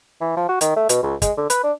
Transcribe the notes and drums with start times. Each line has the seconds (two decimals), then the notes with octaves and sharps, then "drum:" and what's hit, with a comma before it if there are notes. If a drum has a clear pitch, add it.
0.21 E3
0.37 F3
0.49 F#4
0.61 D#3, drum: hi-hat
0.76 A3
0.89 B2, drum: hi-hat
1.03 C#2
1.22 G#3, drum: kick, hi-hat
1.37 D3
1.50 B4, drum: hi-hat
1.63 D4